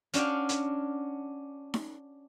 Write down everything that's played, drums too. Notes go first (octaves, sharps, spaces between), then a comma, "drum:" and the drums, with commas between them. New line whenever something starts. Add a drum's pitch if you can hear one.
C#4 D4 F#4 F5 G5, drum: hi-hat
drum: hi-hat
drum: snare D#4